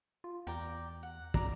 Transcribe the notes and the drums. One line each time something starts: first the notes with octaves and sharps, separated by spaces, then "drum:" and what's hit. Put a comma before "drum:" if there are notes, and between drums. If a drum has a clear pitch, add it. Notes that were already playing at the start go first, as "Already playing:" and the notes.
F4
E2 A#4 D5 G5
F#5
D5 A#5, drum: kick